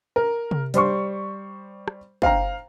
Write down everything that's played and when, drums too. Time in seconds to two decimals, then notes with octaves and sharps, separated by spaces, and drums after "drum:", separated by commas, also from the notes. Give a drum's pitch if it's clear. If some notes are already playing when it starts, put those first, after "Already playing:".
0.16 A#4
0.51 drum: tom C3
0.74 G3 C5 C6 C#6, drum: hi-hat
1.88 drum: rim click
2.22 C5 F5 G5 A#5, drum: kick